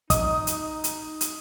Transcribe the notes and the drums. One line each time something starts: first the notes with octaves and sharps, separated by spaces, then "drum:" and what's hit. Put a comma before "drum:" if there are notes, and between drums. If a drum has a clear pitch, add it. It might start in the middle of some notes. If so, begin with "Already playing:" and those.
D#4 D#5 D#6, drum: kick, hi-hat
drum: hi-hat
drum: hi-hat
drum: hi-hat